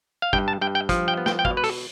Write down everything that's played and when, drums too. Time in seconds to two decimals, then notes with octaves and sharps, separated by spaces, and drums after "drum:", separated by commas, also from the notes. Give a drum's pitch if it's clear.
0.22 F5
0.33 G2 G5, drum: kick
0.48 A5
0.61 G2 G5
0.75 G5
0.89 F3, drum: kick, hi-hat
1.08 G5
1.17 B3
1.26 G5, drum: snare
1.39 G5
1.45 B2 F5, drum: kick
1.57 B4
1.64 A4, drum: open hi-hat